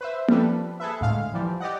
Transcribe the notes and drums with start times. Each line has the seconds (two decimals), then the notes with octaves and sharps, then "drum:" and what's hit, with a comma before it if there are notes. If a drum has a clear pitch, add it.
0.01 B4 C5 E5
0.28 F3 G3 A4 B4, drum: tom A#3
0.80 G#4 A4 B4 E5
1.01 D2 A2 G#3 F5
1.34 E3 F3 G3
1.60 G4 D5 D#5 F#5